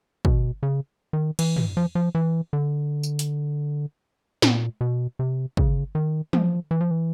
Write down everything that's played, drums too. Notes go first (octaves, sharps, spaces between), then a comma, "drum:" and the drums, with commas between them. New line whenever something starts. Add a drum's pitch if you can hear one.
B2, drum: kick
C#3
D#3
E3, drum: cymbal
drum: tom
F3
F3
E3
D3
drum: tambourine
drum: hi-hat
A#2, drum: snare
B2
C3
C#3, drum: kick
D#3
F3, drum: tom
E3
F3
E3